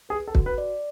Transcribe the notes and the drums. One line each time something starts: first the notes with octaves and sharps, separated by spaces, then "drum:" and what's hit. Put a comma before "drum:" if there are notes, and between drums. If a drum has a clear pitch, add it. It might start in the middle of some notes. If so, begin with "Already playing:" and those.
G#4 B4
A4
F#4, drum: kick
B4
D5